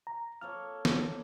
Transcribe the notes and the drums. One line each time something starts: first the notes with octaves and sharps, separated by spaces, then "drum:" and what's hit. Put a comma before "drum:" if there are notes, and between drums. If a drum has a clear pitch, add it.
A#5
A#3 A4 C#5 F6
drum: snare